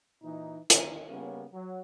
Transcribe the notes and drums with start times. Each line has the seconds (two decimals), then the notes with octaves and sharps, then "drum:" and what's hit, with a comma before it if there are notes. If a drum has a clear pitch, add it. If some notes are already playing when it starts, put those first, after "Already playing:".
0.23 A#2 E3 D#4
0.70 D#2 D3 D#3 D#4, drum: hi-hat
1.09 C#3 G3 A#3 B3 C#4
1.52 F#3